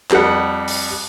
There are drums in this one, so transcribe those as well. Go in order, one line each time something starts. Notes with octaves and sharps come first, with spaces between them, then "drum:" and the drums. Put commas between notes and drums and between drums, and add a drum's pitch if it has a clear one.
F2 G3 F#5, drum: clap
drum: open hi-hat